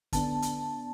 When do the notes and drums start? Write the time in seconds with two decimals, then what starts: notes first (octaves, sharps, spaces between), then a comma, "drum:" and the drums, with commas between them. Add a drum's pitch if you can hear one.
0.13 D3 B3 D4 A5, drum: kick, hi-hat
0.42 drum: hi-hat